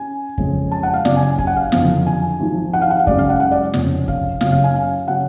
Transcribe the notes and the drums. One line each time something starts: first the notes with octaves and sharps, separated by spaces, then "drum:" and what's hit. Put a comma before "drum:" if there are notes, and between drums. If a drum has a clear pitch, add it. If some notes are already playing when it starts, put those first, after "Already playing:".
Already playing: C#4 G#5
F2 C#3 G#3, drum: kick
A5
F#5
F5
F#1 F#2 C#3 D5, drum: snare
G#5
G#5, drum: kick
F#5
F5
F#1 F2 D3 F3 F5, drum: snare
G#5
G#1 G#2 F3
F#5
F5
F#5
F5
F#2 C#3 G#3 C#4 D5, drum: kick
F5
F#5
F#5
D5
F1 F2 C#3, drum: snare
F5, drum: kick
F#1 F#2 C#3 F5, drum: snare
F5
G#5
F5
C#3 F#3 C#4 F#5